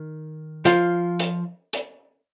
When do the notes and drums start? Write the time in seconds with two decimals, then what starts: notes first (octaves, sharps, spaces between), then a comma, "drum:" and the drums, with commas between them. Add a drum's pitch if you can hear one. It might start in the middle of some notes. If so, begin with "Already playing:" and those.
Already playing: D#3
0.65 F3 F4, drum: hi-hat
1.19 drum: hi-hat
1.73 drum: hi-hat